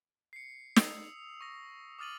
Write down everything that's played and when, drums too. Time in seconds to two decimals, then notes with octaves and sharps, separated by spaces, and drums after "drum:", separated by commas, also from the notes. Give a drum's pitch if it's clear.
0.33 C7 C#7
0.76 D#6 E6 C7 F7, drum: snare
1.41 C#6 A#6
1.99 D6 D#6 F6 A6 D#7 F#7